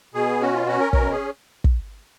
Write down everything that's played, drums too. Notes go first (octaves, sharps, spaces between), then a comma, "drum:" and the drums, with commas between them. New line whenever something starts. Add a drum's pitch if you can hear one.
B2 G#4
C#4 F#4
F4
C#4 F#4
A#4
B2 A#4, drum: kick
G#4
drum: kick